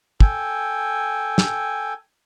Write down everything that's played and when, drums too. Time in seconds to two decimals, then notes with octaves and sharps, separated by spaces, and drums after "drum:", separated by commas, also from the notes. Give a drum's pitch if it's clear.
0.20 A4 G5 G#5, drum: kick
1.38 drum: snare